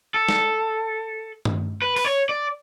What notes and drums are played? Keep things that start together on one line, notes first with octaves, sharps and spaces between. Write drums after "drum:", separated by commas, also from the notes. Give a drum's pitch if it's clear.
A4
drum: snare
drum: tom G2
B4
B4, drum: open hi-hat
C#5
D5